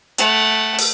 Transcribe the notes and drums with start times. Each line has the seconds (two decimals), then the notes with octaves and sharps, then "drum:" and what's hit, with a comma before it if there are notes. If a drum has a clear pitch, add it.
0.18 A3 F#5, drum: hi-hat
0.78 drum: open hi-hat